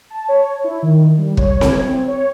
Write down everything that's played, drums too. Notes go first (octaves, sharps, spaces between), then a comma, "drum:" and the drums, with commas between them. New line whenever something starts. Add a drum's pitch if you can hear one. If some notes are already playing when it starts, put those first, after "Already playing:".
A5
C#5
E4
D#3
G3
C#5, drum: kick
drum: snare C4
G#6
C4
C#5